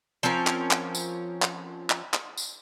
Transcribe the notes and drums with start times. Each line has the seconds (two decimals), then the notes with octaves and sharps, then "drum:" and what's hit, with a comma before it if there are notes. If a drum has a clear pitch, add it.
0.23 F3 C4 C#4 A#4
0.47 drum: clap
0.71 drum: clap
0.95 drum: tambourine
1.42 drum: clap
1.90 drum: clap
2.14 drum: clap
2.38 drum: tambourine